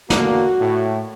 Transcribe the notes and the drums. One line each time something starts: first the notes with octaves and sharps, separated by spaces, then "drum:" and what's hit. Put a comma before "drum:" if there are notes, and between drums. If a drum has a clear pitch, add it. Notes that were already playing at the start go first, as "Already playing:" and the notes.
E2 D3 A#3 F#4, drum: snare
A2